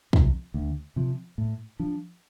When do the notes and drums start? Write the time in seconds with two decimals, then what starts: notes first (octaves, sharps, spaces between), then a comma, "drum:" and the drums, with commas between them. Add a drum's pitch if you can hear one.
0.13 C3 F3, drum: kick
0.54 D2
0.96 C3 F3
1.38 A2
1.79 F3 D4